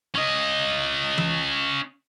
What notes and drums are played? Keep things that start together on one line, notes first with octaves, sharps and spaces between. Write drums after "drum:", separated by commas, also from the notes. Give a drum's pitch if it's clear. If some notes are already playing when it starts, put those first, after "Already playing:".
C#4 D#5
drum: tom E3